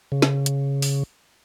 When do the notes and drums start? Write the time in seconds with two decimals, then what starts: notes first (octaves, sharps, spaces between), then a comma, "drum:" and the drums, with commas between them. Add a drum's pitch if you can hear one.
0.12 C#3
0.22 drum: snare
0.46 drum: hi-hat
0.82 drum: open hi-hat